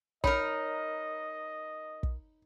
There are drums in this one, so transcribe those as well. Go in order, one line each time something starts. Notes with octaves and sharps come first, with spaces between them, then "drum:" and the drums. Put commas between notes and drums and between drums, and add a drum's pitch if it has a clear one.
D#4 A#4 C#5 D#5 B5, drum: kick
drum: kick